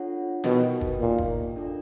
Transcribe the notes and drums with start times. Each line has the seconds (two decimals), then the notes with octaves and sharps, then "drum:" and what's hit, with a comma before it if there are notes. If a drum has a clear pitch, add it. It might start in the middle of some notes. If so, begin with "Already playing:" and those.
Already playing: D4 F4 A4 C#5 F#5
0.44 B2 D#4 G4 A#4 D#5 G5, drum: snare
0.81 drum: kick
1.00 A#2 D#4 G4 A#4 D#5 G5
1.18 drum: kick
1.56 D4 F4 A4 D5